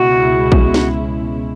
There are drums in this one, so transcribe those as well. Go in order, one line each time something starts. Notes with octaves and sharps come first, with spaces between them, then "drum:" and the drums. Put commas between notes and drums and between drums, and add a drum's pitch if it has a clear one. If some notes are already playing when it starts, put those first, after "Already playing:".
Already playing: C#2 B2 G#3 C#4 E4 F#4
drum: kick A#1
drum: snare